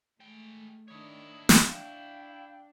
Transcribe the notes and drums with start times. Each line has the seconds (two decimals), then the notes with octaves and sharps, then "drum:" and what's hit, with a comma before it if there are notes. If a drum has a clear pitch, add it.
0.20 G#3 A3 G5
0.88 D#3 D4 E4 C#5 D#6
1.49 drum: snare
1.67 D4 F5 G5